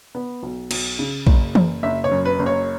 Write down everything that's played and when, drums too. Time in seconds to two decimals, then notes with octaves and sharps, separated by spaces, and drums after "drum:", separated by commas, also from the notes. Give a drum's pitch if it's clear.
0.15 B3
0.43 B1
0.71 B1, drum: cymbal
0.99 C#3
1.27 F#1, drum: kick A#1
1.55 F#1, drum: tom E3
1.83 F#1 E5
2.04 C#5
2.11 F#2
2.25 B4
2.39 F#1
2.46 C#5